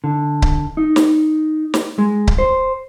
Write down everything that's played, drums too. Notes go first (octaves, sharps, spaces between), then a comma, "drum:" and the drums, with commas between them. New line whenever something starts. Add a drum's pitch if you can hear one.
D3
drum: kick C#1
D#4
drum: snare
drum: snare
G#3
drum: kick C#1
C5